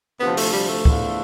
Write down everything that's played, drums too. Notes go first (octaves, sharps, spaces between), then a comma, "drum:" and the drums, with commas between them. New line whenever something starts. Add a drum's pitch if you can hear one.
D2 C3 F3 B3
A3, drum: open hi-hat
G3
A3
E2 D3 F3, drum: kick C#2